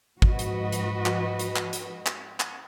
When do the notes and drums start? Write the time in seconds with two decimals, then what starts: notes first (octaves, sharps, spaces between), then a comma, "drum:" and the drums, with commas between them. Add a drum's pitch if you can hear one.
0.22 G#2 F3 F#4 B4 D#5, drum: kick
0.39 drum: hi-hat
0.72 drum: hi-hat
1.06 drum: clap
1.39 drum: hi-hat
1.56 drum: clap
1.73 drum: hi-hat
2.06 drum: clap
2.40 drum: clap